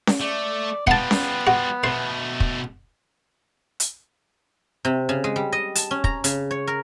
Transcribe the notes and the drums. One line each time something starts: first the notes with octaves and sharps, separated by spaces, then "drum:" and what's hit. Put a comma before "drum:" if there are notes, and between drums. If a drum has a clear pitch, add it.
drum: snare C#4
A3 D5
G3 B3 F4 F#5 A5, drum: kick
drum: snare C#4
F#4
B2 A3 C5
drum: kick
drum: hi-hat
C3
C#3
G#3
G3
D#5
A5, drum: hi-hat
C#4
A#5, drum: kick
C#3, drum: hi-hat
C#5
A#4